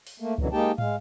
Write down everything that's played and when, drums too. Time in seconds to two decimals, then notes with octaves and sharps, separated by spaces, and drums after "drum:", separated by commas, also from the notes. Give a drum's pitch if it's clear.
0.07 drum: open hi-hat
0.20 A3 A#3
0.38 F#2 B2 D3 E3 F#3, drum: kick C#2
0.52 G#3 A#3 D#4 G4 G5 A5
0.78 G#3 F5, drum: tom